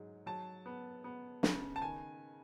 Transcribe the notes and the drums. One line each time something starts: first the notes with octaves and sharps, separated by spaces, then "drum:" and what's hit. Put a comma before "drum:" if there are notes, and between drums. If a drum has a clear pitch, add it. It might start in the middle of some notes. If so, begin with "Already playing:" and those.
Already playing: G#2 F#3
F#3 A5
B3
B3
C#3, drum: snare
A5
D#3 G#5